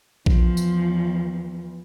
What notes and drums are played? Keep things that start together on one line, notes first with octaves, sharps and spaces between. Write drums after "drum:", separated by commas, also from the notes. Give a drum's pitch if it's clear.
E2 F3, drum: kick A#1
drum: tambourine